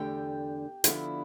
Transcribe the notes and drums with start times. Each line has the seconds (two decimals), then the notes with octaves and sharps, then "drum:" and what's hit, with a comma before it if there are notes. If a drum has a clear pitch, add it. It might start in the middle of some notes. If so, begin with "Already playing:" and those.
Already playing: E2 D3 A3 G4 G5
0.84 D3 F3 B3 E4, drum: hi-hat